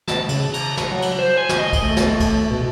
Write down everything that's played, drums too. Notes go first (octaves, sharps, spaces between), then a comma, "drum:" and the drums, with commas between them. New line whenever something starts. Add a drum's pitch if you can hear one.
A5, drum: snare
C#3, drum: cymbal
A#5, drum: cymbal
C#6, drum: snare
F#3
drum: cymbal
C5
G#5
drum: snare
D#5
drum: kick, cymbal
A3
drum: snare
drum: kick, cymbal
B2